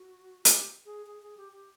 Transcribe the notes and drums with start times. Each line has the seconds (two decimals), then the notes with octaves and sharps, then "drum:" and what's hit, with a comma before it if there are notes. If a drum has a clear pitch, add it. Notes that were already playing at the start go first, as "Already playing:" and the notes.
Already playing: F#4
0.45 G4, drum: hi-hat
0.86 G#4
1.07 G#4
1.22 G#4
1.37 G4
1.52 G4